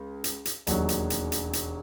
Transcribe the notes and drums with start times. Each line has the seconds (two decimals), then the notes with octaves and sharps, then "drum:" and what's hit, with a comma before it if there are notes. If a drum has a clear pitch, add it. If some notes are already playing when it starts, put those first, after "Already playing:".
Already playing: C#2
0.24 drum: hi-hat
0.45 drum: hi-hat
0.67 E1 D#2 D#3 F#3, drum: hi-hat
0.89 drum: hi-hat
1.10 drum: hi-hat
1.32 drum: hi-hat
1.53 drum: hi-hat